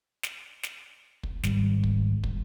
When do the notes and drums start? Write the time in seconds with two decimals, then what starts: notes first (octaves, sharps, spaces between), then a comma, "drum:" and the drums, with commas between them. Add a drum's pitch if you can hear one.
0.23 drum: snare
0.63 drum: snare
1.23 drum: kick
1.43 G#1 G3, drum: snare
1.84 drum: kick
2.24 drum: kick